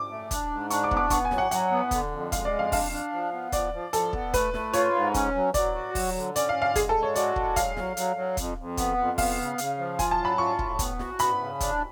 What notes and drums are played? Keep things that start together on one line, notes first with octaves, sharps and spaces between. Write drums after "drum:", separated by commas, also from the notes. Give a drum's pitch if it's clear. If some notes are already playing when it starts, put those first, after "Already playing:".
Already playing: D6
A3
D4, drum: kick, hi-hat
G#2
D4 C#6, drum: hi-hat
D6
B3, drum: kick
D6
B3 C#6, drum: kick, hi-hat
G#5
F#3, drum: snare
F#5
F#3 F#5, drum: hi-hat
B3
D3, drum: kick, hi-hat
F2
G#3 F5, drum: kick, hi-hat
D5
F2
F5
D4 F5, drum: kick, open hi-hat
D4
F3
B3
F3 D5, drum: kick, hi-hat
F3
F3 A4, drum: hi-hat
B3, drum: kick
A3 B4, drum: kick, hi-hat
A3, drum: snare
F4 C#5, drum: hi-hat
G#2
C#4, drum: kick, hi-hat
F#3
F#3 D5, drum: kick, hi-hat
F#4
F#3, drum: kick, open hi-hat
D3
C#4 D5, drum: hi-hat
F5
D3
F5
G#3 G#4, drum: kick, hi-hat
A4
G#3
C#5
F#4 D5, drum: hi-hat
G#3, drum: kick
F#3 F5, drum: kick, hi-hat
F#3, drum: snare
F#3, drum: hi-hat
F#3
F2, drum: kick, hi-hat
F2
B3, drum: kick, hi-hat
F2
B3 F5, drum: kick, open hi-hat
C#3
C#3, drum: hi-hat
F3
F4 G#5, drum: kick, hi-hat
A5
F#3
B5
F4 C#6
A2, drum: kick
B3, drum: kick, hi-hat
F#4, drum: snare
B3 B5, drum: hi-hat
C#3
D4, drum: kick, hi-hat